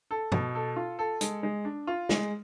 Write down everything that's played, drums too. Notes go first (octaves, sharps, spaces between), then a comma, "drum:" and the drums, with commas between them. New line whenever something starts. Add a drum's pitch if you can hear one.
A4
B2, drum: tom
A4
F4
A4
G#3, drum: hi-hat
G#3
D4
F4
G#3, drum: snare